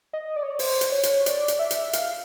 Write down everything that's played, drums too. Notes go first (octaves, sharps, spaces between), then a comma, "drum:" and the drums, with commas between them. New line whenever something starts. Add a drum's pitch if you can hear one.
D#5
D5
C#5
D5
C5, drum: open hi-hat
drum: hi-hat
C#5
drum: hi-hat
D5, drum: hi-hat
drum: hi-hat
E5
drum: hi-hat
F5, drum: hi-hat